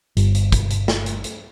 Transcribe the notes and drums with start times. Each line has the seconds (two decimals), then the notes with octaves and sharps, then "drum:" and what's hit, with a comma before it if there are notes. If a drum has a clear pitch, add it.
0.17 G1, drum: hi-hat
0.35 drum: hi-hat
0.52 drum: kick, hi-hat
0.70 drum: hi-hat
0.88 drum: snare
1.06 drum: hi-hat
1.24 drum: hi-hat